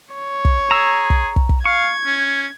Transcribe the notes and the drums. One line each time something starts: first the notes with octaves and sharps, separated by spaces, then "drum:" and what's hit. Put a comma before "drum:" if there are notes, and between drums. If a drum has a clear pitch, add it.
C#5
drum: kick
G#4 A#5 E6
drum: kick
drum: kick
drum: kick
F5 C#6 G#6
C#4